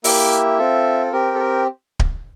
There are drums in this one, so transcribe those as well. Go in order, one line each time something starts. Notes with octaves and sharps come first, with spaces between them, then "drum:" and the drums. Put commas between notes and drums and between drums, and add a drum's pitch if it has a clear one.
A#3 E4 G4 E5, drum: open hi-hat
C4 F4 A4
C4 G4 A#4
A4
A#4
drum: kick D1